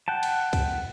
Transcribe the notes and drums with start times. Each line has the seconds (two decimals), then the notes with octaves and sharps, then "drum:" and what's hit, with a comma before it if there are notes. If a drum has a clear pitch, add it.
0.08 F#5 G5 A5
0.23 drum: cymbal
0.53 drum: kick, cymbal